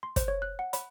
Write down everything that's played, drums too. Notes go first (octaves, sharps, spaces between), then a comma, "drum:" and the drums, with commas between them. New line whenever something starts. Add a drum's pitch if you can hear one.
C6
C5, drum: kick, hi-hat
C#5
F#6
F#5
B5, drum: hi-hat